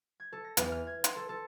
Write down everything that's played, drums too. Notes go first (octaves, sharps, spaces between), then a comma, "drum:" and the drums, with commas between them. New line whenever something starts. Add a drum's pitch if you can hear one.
G#6
A4
A#6
E2, drum: hi-hat
F6
G#6
C6, drum: hi-hat
A4
A4